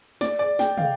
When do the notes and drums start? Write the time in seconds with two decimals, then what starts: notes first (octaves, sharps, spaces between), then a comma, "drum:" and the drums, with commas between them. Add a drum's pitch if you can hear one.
0.21 D5, drum: snare
0.39 D5
0.59 G5, drum: snare
0.78 F5, drum: tom